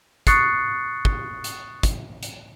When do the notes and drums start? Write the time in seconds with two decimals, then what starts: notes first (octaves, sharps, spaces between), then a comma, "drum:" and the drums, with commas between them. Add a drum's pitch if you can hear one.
0.27 C#6 D#6 F#6 A6 C7 C#7, drum: kick, hi-hat
1.05 drum: kick
1.44 drum: hi-hat
1.83 drum: kick, hi-hat
2.23 drum: hi-hat